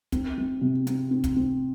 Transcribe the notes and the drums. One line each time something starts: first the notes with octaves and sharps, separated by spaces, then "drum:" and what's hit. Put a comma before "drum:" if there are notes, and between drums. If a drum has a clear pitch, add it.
C4, drum: kick, hi-hat
C4
C3
C4, drum: hi-hat
C4
drum: kick, hi-hat
C4